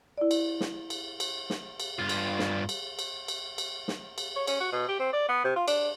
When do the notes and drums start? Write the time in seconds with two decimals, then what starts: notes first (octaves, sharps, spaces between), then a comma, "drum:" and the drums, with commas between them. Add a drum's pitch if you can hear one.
0.18 E4 D5
0.31 drum: cymbal
0.60 drum: snare
0.90 drum: cymbal
1.20 drum: cymbal
1.50 drum: snare
1.80 drum: cymbal
1.99 G2 F4
2.09 drum: cymbal
2.39 drum: snare
2.69 drum: cymbal
2.99 drum: cymbal
3.28 drum: cymbal
3.58 drum: cymbal
3.88 drum: snare
4.18 drum: cymbal
4.36 C#5
4.47 C#4, drum: cymbal
4.60 F#4
4.72 B2
4.88 G4
4.99 C4
5.13 D5
5.29 B3
5.44 C3
5.56 F4
5.68 D4, drum: cymbal